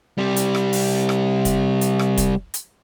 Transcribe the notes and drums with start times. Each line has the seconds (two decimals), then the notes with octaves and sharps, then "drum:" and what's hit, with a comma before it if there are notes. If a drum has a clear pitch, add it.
0.18 C3 G3
0.36 drum: hi-hat
0.55 drum: rim click
0.73 drum: open hi-hat
1.09 drum: rim click
1.45 drum: kick, hi-hat
1.81 drum: hi-hat
1.99 drum: rim click
2.17 drum: kick, hi-hat
2.54 drum: hi-hat